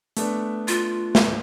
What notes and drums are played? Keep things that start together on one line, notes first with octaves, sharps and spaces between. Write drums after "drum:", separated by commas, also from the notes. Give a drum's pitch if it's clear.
A3 B3 D4, drum: hi-hat
F4, drum: hi-hat
drum: snare